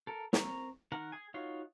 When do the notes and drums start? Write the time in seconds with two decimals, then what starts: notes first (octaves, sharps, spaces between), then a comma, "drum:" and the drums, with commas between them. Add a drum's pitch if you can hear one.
0.07 A4 A#4
0.33 C4 A#4 A#5 C#6, drum: snare
0.92 D#3 A#4 F#5
1.12 G#4 G#5
1.34 D#4 F4 F#4 C#5 F5